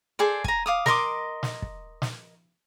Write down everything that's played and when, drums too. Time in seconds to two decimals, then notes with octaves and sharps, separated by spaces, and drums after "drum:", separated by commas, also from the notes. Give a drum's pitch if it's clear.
0.19 G#4 A4 C5 D5
0.44 G#5 A#5, drum: kick
0.66 F5 D6 D#6
0.86 A#4 D#5 C6 D6, drum: snare
1.43 drum: snare
1.62 drum: kick
2.02 drum: snare